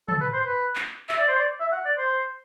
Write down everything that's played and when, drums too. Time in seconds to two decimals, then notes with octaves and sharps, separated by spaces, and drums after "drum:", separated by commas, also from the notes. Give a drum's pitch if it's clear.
0.08 A4, drum: tom
0.21 B4
0.33 C5
0.46 B4
0.76 drum: clap
1.09 E5, drum: clap
1.18 D5
1.28 C5
1.37 D5
1.60 E5
1.72 F#5
1.85 D5
1.98 C5